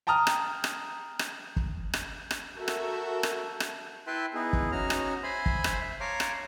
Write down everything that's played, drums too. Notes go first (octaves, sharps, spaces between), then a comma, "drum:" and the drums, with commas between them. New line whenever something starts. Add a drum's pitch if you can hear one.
G5 A5 A#5 D#6 F6
drum: rim click
drum: rim click
drum: rim click
drum: kick F#1
drum: rim click
drum: rim click
F#4 A4 A#4 E5
drum: rim click
drum: rim click
drum: rim click
E4 B4 E5 G5 A5 C6
B3 D#4 E4 G#4
drum: kick F#1
C#4 D#4 F#4 A#5 F6
drum: rim click
C5 E5 G#5 B5 C6
drum: kick F#1
drum: rim click
E5
C#5 F5 A5 A#5 C6 D6
drum: rim click